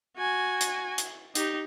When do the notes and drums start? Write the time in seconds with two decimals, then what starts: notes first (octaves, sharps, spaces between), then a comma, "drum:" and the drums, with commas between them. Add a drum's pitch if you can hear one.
0.17 F#4 G#5
0.61 drum: hi-hat
0.98 drum: hi-hat
1.35 D#4 G4, drum: hi-hat